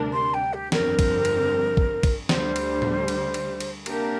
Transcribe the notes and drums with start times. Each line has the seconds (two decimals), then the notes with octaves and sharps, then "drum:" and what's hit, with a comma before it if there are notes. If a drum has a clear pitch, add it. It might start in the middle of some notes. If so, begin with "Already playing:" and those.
Already playing: D2 C3 G3 D4 A#4
0.13 C6
0.34 G5
0.53 G4
0.72 G1 F2 D3 G3 C4 A#4, drum: snare
0.99 drum: kick, cymbal
1.25 drum: cymbal
1.77 drum: kick
2.03 drum: kick, cymbal
2.29 D2 D3 G3 C5, drum: snare
2.56 drum: cymbal
2.82 drum: tom
3.08 drum: cymbal
3.34 drum: cymbal
3.60 drum: cymbal
3.86 C3 A#3 D4 G4 A#4, drum: cymbal